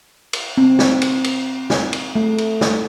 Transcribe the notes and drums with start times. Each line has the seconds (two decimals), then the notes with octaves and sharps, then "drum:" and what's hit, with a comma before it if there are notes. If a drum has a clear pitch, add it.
0.33 drum: cymbal
0.57 C4
0.79 drum: snare
1.02 drum: cymbal
1.24 drum: cymbal
1.70 drum: snare
1.93 drum: cymbal
2.15 A3
2.38 drum: cymbal
2.61 drum: snare